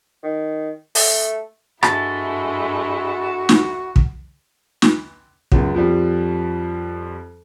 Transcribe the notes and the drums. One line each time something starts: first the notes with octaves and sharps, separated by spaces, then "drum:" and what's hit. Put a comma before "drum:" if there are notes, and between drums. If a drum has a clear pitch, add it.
D#3
A3, drum: open hi-hat
G2 G#3 A3 E4 F#4 A5, drum: rim click
drum: snare
drum: kick
drum: snare
C#2 F#2, drum: kick
F2 F3 G3